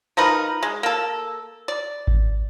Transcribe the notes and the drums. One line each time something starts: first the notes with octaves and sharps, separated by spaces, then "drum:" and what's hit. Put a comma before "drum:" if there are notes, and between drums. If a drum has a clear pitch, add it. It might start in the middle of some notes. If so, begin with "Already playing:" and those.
F3 D#4 A#4 B4
G#3
A#3 A4
D5
drum: kick G#1